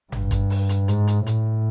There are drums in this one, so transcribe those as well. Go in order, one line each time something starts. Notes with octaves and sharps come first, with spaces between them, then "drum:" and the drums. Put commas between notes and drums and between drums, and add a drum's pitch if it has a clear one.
G2, drum: tom G1
drum: kick, hi-hat
drum: open hi-hat
drum: hi-hat
G#2, drum: hi-hat
drum: hi-hat
A2, drum: hi-hat